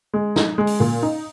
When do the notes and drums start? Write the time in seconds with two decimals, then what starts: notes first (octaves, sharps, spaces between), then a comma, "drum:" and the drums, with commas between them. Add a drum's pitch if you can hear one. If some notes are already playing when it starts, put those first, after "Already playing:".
0.14 G#3
0.36 D#4, drum: snare
0.58 G#3
0.67 drum: open hi-hat
0.80 A#2
1.03 D#4